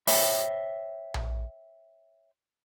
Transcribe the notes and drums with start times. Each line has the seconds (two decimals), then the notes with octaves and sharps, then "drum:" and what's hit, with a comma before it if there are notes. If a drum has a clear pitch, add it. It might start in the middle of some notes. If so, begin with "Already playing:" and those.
0.07 C5 C#5 E5 G5 B5, drum: open hi-hat
1.14 drum: tom A#1